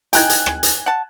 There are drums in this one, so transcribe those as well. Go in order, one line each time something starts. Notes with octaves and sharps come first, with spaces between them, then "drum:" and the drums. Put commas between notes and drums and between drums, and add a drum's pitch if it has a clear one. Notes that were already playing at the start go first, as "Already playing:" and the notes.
D#4 G5 G#5 F#6 G#6, drum: hi-hat
drum: hi-hat
drum: rim click
drum: hi-hat
F#5 A5